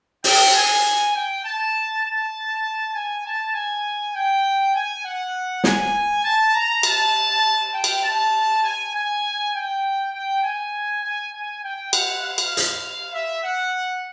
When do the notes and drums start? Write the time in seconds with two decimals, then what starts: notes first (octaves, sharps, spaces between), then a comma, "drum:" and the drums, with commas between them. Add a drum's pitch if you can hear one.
0.24 G5, drum: open hi-hat
0.54 G#5
1.15 G5
1.44 A5
2.04 A5
2.94 G#5
3.24 A5
3.53 G#5
4.14 G5
4.74 G#5
5.04 F#5
5.64 G#5, drum: snare
6.24 A5
6.53 A#5
6.83 A5, drum: cymbal
7.73 G5
7.84 drum: cymbal
8.03 A5
8.63 G#5
8.93 G#5
9.53 G5
10.12 G5
10.43 G#5
11.03 G#5
11.32 G#5
11.62 G5
11.93 F#5, drum: cymbal
12.23 F5
12.38 drum: cymbal
12.57 drum: hi-hat
13.13 E5
13.42 F#5